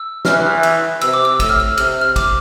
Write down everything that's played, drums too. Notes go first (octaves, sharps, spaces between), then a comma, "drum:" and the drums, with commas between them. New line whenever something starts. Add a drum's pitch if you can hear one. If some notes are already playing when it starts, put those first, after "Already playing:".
Already playing: E6
E3 F6, drum: snare
drum: cymbal
C3 E6, drum: cymbal
D6
E6
A2 E6, drum: kick, cymbal
F6
E6
C3 F6, drum: cymbal
F6
D6, drum: kick, cymbal